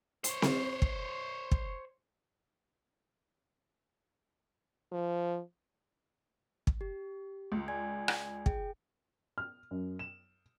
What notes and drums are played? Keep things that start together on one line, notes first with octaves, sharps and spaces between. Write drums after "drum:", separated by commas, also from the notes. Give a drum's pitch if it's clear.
C5 C#5, drum: hi-hat
drum: snare C4
drum: kick
drum: kick
F3
drum: kick
G4
C#2
D5 G#5 G#6
drum: rim click
G#4 G5, drum: kick
F6
F#2
E7